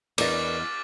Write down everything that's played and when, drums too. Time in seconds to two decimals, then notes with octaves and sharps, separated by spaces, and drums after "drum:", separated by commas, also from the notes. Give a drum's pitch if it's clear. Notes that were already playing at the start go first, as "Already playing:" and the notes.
0.18 E2 A#4 B4 D5 D#5 D6 A6, drum: cymbal